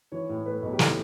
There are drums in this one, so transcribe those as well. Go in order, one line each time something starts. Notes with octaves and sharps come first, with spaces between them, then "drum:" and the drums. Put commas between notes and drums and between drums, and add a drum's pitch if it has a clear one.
E3 C#5
A2
A3 B4
B1
G4
E3 A4, drum: snare